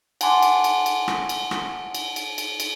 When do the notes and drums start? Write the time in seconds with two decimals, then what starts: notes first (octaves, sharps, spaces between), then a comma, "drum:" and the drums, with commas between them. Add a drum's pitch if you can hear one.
0.21 F#5 G#5 A5 C6 D6, drum: cymbal
0.42 drum: cymbal
0.64 drum: cymbal
0.86 drum: cymbal
1.08 drum: rim click
1.29 drum: cymbal
1.51 drum: rim click
1.94 drum: cymbal
2.16 drum: cymbal
2.38 drum: cymbal
2.60 drum: cymbal